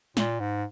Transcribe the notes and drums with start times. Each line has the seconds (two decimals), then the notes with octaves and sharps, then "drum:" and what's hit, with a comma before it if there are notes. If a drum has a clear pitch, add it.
0.17 A#2, drum: snare
0.40 G#2